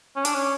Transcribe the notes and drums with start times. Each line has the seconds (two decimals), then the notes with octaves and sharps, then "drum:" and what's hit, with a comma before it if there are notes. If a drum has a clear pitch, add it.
0.16 C#4
0.25 D4, drum: hi-hat
0.34 C#4